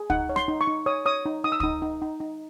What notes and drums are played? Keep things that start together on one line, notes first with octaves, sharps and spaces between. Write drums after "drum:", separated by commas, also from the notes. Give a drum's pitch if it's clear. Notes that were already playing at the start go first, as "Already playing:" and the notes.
Already playing: G#4
D#4 F#5, drum: kick
C#5
C6, drum: rim click
D#4
C#6
D#4
C#5 D#6
C#5 D#6
D#4
D#4 D#6
E6
D#4 D#6, drum: kick
D#4
D#4
D#4